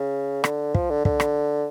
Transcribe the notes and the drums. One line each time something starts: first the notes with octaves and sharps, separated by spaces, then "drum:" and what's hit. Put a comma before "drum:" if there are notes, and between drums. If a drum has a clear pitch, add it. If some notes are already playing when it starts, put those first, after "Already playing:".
Already playing: C#3
D3, drum: rim click
F3, drum: kick
D3
D3, drum: kick
drum: rim click